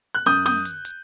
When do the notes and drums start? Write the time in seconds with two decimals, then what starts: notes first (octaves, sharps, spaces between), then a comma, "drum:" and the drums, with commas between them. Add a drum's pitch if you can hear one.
0.15 F#6
0.26 F#2 D#6 G6, drum: hi-hat
0.46 D#6 G6, drum: snare
0.65 drum: hi-hat
0.85 drum: hi-hat